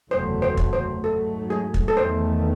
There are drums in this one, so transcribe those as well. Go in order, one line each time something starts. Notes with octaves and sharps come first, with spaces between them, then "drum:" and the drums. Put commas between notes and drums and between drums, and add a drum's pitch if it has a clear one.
F#1 E2 C3 F#3 A3 C5
C5
drum: kick
C5
G#2 F#3 A3 A4
G#4
drum: kick
A4
E2 D#3 A3 C5